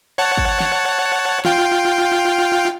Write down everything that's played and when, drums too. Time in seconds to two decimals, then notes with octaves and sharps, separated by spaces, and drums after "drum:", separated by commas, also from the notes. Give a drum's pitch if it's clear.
0.18 C#5 F#5 A5
0.37 drum: kick
0.60 drum: snare
1.45 F4 F5 G5, drum: snare